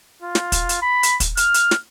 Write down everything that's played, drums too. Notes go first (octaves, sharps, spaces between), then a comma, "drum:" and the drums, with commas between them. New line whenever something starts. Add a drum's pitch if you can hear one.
F4
drum: snare
drum: kick, hi-hat
drum: hi-hat
B5
drum: hi-hat
drum: kick, hi-hat
F6, drum: hi-hat
drum: hi-hat
drum: snare